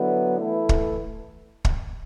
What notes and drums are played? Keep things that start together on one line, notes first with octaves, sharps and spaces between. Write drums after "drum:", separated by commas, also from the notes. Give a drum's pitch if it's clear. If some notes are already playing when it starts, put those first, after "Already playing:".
Already playing: D3 F#3 B3 E4
E3 A3 E4
drum: kick
drum: kick